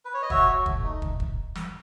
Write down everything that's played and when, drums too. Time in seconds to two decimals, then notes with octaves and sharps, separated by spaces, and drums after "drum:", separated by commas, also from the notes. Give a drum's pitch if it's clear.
0.05 B4
0.14 C#5
0.23 D#5
0.30 F#4 C#5 E5, drum: kick
0.48 F#4
0.66 A3, drum: kick
0.84 D#4
1.02 drum: kick
1.20 drum: kick
1.55 drum: snare